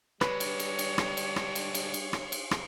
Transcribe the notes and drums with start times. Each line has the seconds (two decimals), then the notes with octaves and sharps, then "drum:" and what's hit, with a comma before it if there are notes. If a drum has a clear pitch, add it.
0.21 D3 G3 G#3 B4 C#5, drum: rim click
0.40 drum: cymbal
0.59 drum: cymbal
0.79 drum: cymbal
0.98 drum: rim click
1.17 drum: cymbal
1.36 drum: rim click
1.55 drum: cymbal
1.75 drum: cymbal
1.94 drum: cymbal
2.13 drum: rim click
2.32 drum: cymbal
2.51 drum: rim click